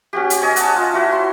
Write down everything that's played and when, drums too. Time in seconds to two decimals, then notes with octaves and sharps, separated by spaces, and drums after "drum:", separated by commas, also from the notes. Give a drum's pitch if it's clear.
0.13 C#4 F#4 G4
0.30 drum: hi-hat
0.42 C#5 D#5 G#5
0.56 F#5 A5, drum: hi-hat
0.76 F4
0.93 E4 F#4 E5
1.12 C6